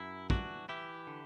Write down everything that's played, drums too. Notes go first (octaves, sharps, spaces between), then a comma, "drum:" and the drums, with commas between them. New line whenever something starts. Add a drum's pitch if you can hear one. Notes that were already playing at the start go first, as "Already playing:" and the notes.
Already playing: F#2 E4
E3 D4 F#4, drum: kick
E3 E4 G4
D3